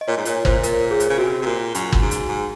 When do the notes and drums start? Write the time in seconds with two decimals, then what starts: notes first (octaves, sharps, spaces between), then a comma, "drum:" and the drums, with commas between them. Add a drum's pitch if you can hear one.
0.01 D#5
0.08 A#2 C#5
0.17 G#2
0.25 A#2 C#5, drum: hi-hat
0.45 A#2 C5, drum: kick
0.63 A#4, drum: hi-hat
0.91 G#4
1.00 drum: hi-hat
1.10 C#3
1.18 C3 F#4
1.42 C3
1.46 A#2
1.75 F#2, drum: hi-hat
1.92 drum: kick
2.02 G#2
2.11 drum: hi-hat
2.29 G#2